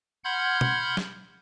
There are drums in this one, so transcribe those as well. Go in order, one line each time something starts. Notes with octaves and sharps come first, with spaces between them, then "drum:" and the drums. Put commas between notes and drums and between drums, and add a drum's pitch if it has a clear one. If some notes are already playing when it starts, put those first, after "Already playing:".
F#5 B5 C6 F6 G6 G#6
drum: tom B2
drum: snare